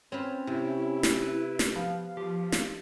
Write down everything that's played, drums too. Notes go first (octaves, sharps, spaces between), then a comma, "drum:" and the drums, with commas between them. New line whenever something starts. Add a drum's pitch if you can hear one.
C4 C#4 F4 B4 C#5
C3 E4
drum: snare
B4
drum: snare
F3 B3 F5
F3 G4
drum: snare